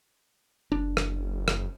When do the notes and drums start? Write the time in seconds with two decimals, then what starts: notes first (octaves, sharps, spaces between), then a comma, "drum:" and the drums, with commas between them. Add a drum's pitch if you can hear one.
0.72 F#1 D4
0.97 drum: rim click
1.48 drum: rim click